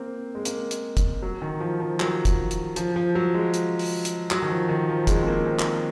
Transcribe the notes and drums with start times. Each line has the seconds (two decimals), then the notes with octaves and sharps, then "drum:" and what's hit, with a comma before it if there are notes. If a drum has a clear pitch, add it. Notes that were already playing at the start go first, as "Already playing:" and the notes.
Already playing: A#3 C4
0.35 G#3
0.45 A#3, drum: hi-hat
0.71 drum: hi-hat
0.97 drum: kick, hi-hat
1.22 F#3
1.42 D#3
1.60 F3
1.80 F3
2.00 F#3, drum: clap
2.25 drum: kick, hi-hat
2.51 drum: hi-hat
2.76 F3, drum: hi-hat
2.96 F3
3.15 F#3
3.34 G#3
3.54 drum: hi-hat
3.79 drum: open hi-hat
4.05 drum: hi-hat
4.31 F#3, drum: clap
4.42 D#3
4.50 F3
4.69 D#3
4.89 F3
5.07 G#3, drum: kick, hi-hat
5.23 C4
5.27 A#3
5.47 C4
5.59 drum: clap